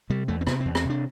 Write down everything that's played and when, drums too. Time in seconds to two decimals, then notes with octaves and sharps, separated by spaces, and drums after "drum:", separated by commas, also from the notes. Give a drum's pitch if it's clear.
0.10 C3 G3
0.28 E2 A3
0.41 C4
0.47 C3 B3, drum: rim click
0.60 E2 C4
0.75 C4, drum: rim click
0.85 C3 D4